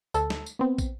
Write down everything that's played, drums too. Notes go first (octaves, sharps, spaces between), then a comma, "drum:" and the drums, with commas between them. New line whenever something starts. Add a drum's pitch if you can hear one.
D2 A4, drum: tambourine
drum: snare
drum: tambourine
B3 C4
drum: kick, tambourine